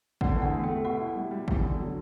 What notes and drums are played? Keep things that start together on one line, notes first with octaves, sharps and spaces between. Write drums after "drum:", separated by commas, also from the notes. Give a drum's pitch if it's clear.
D3 F#4 F#5, drum: kick G#1
E2
F#4 F#5
A3
A3 G4 G5
B2 F#4 F#5
E4
G3
G3
E2, drum: kick G#1
D3
F#3